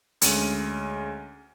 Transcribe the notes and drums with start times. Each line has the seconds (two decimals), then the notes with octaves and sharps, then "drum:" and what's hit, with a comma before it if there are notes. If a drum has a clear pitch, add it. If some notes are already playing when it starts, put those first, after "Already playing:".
0.21 D2 G#3 C#4 D#7, drum: hi-hat